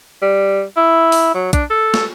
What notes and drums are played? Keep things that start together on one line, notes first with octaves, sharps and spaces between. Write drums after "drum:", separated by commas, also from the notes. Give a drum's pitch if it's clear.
G3
E4
drum: open hi-hat
F#3
D4, drum: kick, hi-hat
A4
drum: snare